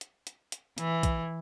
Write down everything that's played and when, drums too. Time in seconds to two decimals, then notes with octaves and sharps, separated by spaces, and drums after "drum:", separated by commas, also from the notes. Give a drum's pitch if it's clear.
0.01 drum: hi-hat
0.27 drum: hi-hat
0.52 drum: hi-hat
0.78 E3, drum: hi-hat
1.03 drum: kick, hi-hat